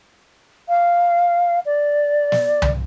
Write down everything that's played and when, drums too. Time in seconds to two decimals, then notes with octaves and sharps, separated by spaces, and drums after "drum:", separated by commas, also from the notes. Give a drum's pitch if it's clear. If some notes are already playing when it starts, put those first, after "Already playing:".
0.68 F5
1.65 D5
2.32 drum: snare
2.62 drum: tom C2